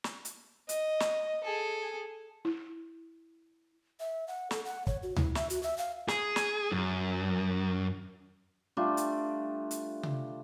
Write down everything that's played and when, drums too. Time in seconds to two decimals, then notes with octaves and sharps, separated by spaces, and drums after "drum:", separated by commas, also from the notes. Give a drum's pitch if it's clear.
0.04 drum: snare
0.25 drum: hi-hat
0.69 D#5, drum: hi-hat
1.00 drum: snare
1.44 G#4 A4
2.45 E4
4.00 E5
4.28 F#5
4.51 A4, drum: snare
4.65 F#5
4.87 C#5, drum: kick
5.03 F#4
5.16 E4, drum: tom D2
5.35 E5, drum: snare
5.50 F#4, drum: hi-hat
5.63 E5
5.78 F5
6.08 G#4, drum: snare
6.36 drum: snare
6.72 F#2
8.77 G3 A3 D4 F4
8.97 drum: hi-hat
9.71 drum: hi-hat
10.03 drum: tom C3